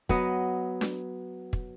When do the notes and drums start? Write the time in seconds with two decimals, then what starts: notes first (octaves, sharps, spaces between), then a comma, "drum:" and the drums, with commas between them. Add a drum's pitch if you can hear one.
0.09 F#3 B3 D#5, drum: kick
0.81 drum: snare D4
1.53 drum: kick